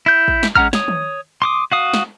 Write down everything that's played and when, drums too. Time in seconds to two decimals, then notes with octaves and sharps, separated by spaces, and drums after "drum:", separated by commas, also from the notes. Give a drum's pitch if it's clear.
0.06 E4 G6
0.28 drum: kick
0.43 drum: snare
0.56 G#3 C#4 F#5 A#5 F6, drum: kick
0.73 C#5 D#6, drum: snare
0.88 drum: tom D#3
1.42 C6 D6 D#6
1.72 F#4 F5 D#6
1.94 drum: snare